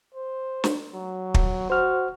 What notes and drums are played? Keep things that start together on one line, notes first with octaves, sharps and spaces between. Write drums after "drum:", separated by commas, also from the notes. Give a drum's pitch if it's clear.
C5
drum: snare
F#3
drum: kick
F#4 C5 F6